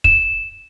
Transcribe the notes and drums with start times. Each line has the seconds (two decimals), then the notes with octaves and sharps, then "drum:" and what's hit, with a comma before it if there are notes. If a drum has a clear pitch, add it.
0.04 E7, drum: kick